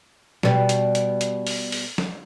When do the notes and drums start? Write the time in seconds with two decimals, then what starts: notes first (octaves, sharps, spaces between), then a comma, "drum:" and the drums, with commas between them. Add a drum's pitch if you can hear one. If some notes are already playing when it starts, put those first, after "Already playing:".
0.43 B2 G3, drum: snare
0.69 drum: hi-hat
0.95 drum: hi-hat
1.21 drum: hi-hat
1.47 drum: open hi-hat
1.72 drum: open hi-hat
1.98 drum: snare